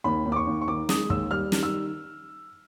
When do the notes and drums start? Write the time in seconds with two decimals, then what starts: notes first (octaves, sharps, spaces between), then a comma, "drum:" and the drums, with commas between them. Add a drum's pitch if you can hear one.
0.04 D#2 B5
0.25 D#2
0.32 D6
0.36 C#6
0.47 D#2
0.61 C#6
0.68 D#3 D6
0.89 G#3 D#6, drum: snare
1.10 D#2 E6, drum: kick
1.31 G3 F6
1.52 D#3, drum: snare
1.63 E6